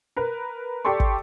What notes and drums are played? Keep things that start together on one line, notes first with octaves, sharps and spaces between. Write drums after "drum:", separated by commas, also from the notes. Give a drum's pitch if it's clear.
A#4 B4
G4 A4 D5 C6 C#6
drum: kick